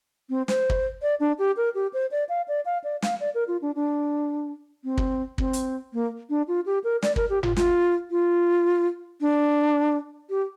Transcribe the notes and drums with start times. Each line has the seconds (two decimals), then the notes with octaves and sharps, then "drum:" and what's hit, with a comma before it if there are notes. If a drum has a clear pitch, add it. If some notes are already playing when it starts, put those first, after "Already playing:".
0.30 C4
0.48 C5, drum: snare
0.70 drum: kick
1.02 D5
1.20 D4
1.39 G4
1.57 A#4
1.75 G4
1.94 C5
2.11 D5
2.29 F5
2.48 D5
2.66 F5
2.84 D5
3.02 F5, drum: snare
3.20 D5
3.35 A#4
3.48 F4
3.62 D4
3.75 D4
4.84 C4
4.98 drum: kick
5.38 C4, drum: kick
5.53 drum: hi-hat
5.93 A#3
6.30 D4
6.48 F4
6.66 G4
6.84 A#4
7.03 D5, drum: snare
7.16 A#4, drum: kick
7.30 G4
7.43 F4, drum: tom G1
7.57 F4, drum: snare
8.11 F4
9.21 D4
10.30 G4